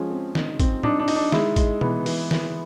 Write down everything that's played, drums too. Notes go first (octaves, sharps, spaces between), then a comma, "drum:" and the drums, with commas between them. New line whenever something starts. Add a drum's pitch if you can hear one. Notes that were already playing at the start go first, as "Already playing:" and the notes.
Already playing: F3 G#3 C#4
C4
D#4, drum: snare
C4, drum: kick, hi-hat
D4 D#4, drum: tom
D4
D#4, drum: open hi-hat
D4
G#3 E4, drum: snare
G#3, drum: kick, hi-hat
E3 B3, drum: tom B2
E3, drum: open hi-hat
E3, drum: snare